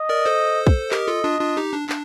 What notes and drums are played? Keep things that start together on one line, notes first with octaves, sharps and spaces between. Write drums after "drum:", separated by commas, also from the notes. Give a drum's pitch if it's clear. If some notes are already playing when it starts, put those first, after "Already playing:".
Already playing: D#5
A#4 D5
A4 C5
drum: kick
G4 A#4 D#5, drum: clap
F4 A4
D4 F4
D4 F4
D#4 G4
D4
D4, drum: clap